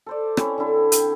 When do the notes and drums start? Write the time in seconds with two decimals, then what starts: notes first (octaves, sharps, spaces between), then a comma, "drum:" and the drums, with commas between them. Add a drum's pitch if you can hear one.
0.06 A4 C5 D5
0.37 C4 C#4 E4 C#5, drum: rim click
0.58 D3 C4 E4 A4
0.92 G5, drum: hi-hat